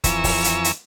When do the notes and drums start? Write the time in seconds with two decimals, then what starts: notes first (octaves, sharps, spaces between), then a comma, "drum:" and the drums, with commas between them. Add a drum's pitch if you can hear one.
0.04 F2 E3 G#5 A#5 C#6 E6, drum: kick, hi-hat
0.24 drum: kick, open hi-hat
0.44 drum: hi-hat
0.64 drum: hi-hat